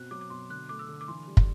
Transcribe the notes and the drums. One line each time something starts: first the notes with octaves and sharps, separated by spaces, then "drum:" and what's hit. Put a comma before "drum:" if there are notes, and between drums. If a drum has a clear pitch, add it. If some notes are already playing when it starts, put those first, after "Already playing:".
Already playing: B2 C4 F#6
F#3 D6
D6
B2 C6
D3 F#6
A3 D6
E6
D3
D6
E3 C6
G3
drum: kick